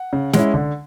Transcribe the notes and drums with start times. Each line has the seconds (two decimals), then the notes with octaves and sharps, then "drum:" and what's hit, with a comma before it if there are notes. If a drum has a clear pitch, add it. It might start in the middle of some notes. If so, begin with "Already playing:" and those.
Already playing: F#5
0.13 C#3
0.33 G#3 C#4 E4, drum: snare
0.54 D3